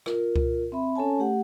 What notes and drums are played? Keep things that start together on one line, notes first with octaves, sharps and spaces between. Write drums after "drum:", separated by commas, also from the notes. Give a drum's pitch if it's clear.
F4 A#4, drum: rim click
drum: kick C#2
C4 E5 B5
C#4 A4 C#5 G#5 A5
A3 G4 F#5